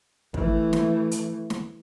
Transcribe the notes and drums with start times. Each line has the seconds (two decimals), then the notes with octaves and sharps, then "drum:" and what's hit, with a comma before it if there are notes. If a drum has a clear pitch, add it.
0.34 E3 A3, drum: kick
0.73 drum: snare
1.11 drum: hi-hat
1.50 drum: snare